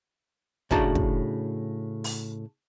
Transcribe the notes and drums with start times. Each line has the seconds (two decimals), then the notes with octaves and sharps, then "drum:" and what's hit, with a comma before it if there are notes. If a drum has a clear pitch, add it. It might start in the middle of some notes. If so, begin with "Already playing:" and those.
0.71 A2 C#3 D4 F#4 A5 A#5, drum: kick
0.95 drum: kick
2.04 drum: open hi-hat